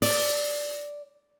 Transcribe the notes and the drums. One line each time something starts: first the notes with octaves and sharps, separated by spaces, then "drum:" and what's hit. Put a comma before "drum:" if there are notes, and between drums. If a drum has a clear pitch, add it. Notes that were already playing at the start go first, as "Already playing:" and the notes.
D5, drum: open hi-hat